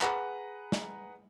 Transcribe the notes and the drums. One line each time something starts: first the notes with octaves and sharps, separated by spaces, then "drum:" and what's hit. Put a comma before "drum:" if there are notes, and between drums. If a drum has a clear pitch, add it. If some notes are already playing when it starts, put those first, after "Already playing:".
G#4 B4 F#5 A#5, drum: clap
drum: snare